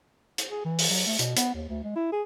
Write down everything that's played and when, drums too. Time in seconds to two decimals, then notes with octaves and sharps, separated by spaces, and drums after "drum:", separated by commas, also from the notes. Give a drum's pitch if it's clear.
0.38 drum: hi-hat
0.50 G#4
0.65 E3
0.79 drum: open hi-hat
0.90 F#3
1.06 A3
1.19 B2, drum: hi-hat
1.37 B3, drum: hi-hat
1.54 D#2
1.69 D2
1.84 G#3
1.96 E4
2.12 G#4